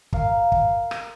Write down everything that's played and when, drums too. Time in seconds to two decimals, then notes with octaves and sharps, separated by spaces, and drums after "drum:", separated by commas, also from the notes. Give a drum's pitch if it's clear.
0.13 A#4 F5, drum: kick
0.52 drum: kick
0.91 drum: rim click